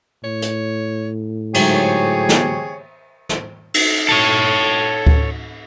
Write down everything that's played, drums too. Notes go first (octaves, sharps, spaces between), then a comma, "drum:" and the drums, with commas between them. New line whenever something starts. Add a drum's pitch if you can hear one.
A2 C#5
drum: hi-hat
G#2 D3 F#3 G4 G#4 C5 C#5, drum: cymbal
drum: snare
drum: snare
drum: cymbal
A4 C#5
drum: kick D2